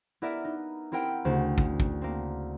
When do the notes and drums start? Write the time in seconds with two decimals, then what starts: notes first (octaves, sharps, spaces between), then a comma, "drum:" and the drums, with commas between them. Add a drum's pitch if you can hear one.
0.22 B3 E4 A#4 D5 E5
0.44 D#4
0.92 C4 E4 A#4 F#5 G5
1.25 D2 C#3 C5
1.58 drum: kick
1.80 drum: kick
2.01 A#3 C4